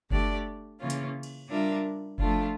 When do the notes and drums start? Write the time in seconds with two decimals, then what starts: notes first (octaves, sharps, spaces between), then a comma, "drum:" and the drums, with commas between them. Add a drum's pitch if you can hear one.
0.11 A3 D4 G4 D5, drum: kick F#1
0.80 C#3 E3 A#3 C#4 F4
0.90 drum: hi-hat
1.23 drum: cymbal
1.49 G3 D4 F4 A#4 E5
2.18 F3 A3 D4 F4, drum: kick F#1